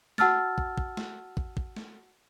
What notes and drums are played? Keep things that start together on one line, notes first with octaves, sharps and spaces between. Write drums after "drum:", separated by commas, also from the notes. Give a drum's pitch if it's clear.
F#4 F#5 A5 E6 F6 A6, drum: snare
drum: kick
drum: kick
drum: snare
drum: kick
drum: kick
drum: snare